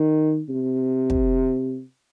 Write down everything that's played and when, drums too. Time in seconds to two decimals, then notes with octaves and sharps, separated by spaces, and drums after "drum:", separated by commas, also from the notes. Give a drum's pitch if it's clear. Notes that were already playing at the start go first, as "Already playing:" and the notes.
Already playing: D#3
0.49 C3
1.10 drum: kick